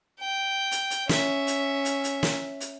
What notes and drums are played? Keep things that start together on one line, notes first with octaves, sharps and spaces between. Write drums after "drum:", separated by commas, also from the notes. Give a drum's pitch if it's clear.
G5
drum: hi-hat
drum: hi-hat
C#4 E5, drum: snare
drum: hi-hat
drum: hi-hat
drum: hi-hat
drum: snare
drum: hi-hat